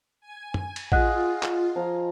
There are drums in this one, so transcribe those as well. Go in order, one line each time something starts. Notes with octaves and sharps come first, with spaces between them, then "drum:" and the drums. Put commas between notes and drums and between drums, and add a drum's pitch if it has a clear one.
G#5
drum: tom
drum: cymbal
F4 G#4 D#5 F#5 F#6, drum: kick A1
drum: clap
F3 F4 A#5